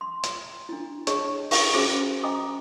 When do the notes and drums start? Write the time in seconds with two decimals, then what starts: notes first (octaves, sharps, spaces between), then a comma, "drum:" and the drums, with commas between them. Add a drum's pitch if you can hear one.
0.01 C6
0.23 drum: hi-hat
0.69 D4 E4
1.07 D4 G#4 C#5 D#5 A5 C#6, drum: hi-hat
1.51 C#6, drum: open hi-hat
1.74 C#4 F#4 G#4 C5 G#5 D6
2.23 D#5 G5 G#5 A#5 D6 D#6